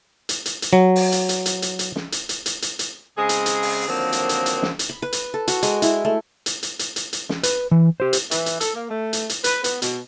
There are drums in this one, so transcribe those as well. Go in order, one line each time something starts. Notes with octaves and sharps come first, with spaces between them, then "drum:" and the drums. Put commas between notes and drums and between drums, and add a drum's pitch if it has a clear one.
drum: hi-hat
drum: hi-hat
drum: hi-hat
F#3
drum: open hi-hat
drum: hi-hat
drum: hi-hat
drum: hi-hat
drum: hi-hat
drum: hi-hat
drum: snare
drum: hi-hat
drum: hi-hat
drum: hi-hat
drum: hi-hat
drum: hi-hat
C#3 G#3 C4 G#4
drum: hi-hat
drum: hi-hat
drum: open hi-hat
D3 D#3 F3 F#3 A#3 C4
drum: hi-hat
drum: hi-hat
drum: hi-hat
drum: snare
drum: hi-hat
B5
B4
drum: hi-hat
A4
F#4, drum: hi-hat
G#3, drum: hi-hat
E4, drum: hi-hat
A3
drum: hi-hat
drum: hi-hat
drum: hi-hat
drum: hi-hat
drum: hi-hat
drum: snare
B4, drum: hi-hat
E3
G4 C5
drum: hi-hat
E3, drum: hi-hat
drum: hi-hat
A4, drum: hi-hat
A#3
A3
drum: hi-hat
drum: hi-hat
B4, drum: hi-hat
B3, drum: hi-hat
B2, drum: hi-hat